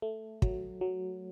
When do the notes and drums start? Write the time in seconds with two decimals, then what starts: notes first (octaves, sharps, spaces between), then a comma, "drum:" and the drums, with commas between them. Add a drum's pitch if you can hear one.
0.02 A3
0.42 F#3, drum: kick
0.81 F#3